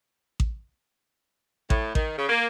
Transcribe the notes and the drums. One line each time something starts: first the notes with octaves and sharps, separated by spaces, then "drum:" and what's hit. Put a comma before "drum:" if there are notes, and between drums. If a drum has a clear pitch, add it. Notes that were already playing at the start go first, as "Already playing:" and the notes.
drum: kick A1
A2, drum: kick A1
D#3, drum: kick A1
C#3
A#3